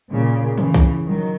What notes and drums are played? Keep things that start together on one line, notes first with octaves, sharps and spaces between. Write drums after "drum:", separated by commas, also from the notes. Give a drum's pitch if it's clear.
A#2 C#3
C#3 E3, drum: tom
drum: kick B1
D#3 F#3